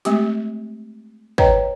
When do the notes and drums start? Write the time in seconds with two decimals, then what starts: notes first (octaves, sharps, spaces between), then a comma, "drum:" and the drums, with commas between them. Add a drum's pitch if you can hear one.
0.05 G#3 A3 C4 G4, drum: hi-hat
1.38 B4 C#5 D#5 G5 A#5, drum: kick